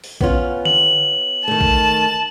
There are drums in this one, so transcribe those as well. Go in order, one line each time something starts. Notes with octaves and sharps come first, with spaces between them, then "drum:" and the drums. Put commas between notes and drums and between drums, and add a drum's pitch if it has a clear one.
drum: open hi-hat
B3 C#4 F4, drum: kick A#1
F#7, drum: tom D3
D#3 A3 A5
drum: kick A#1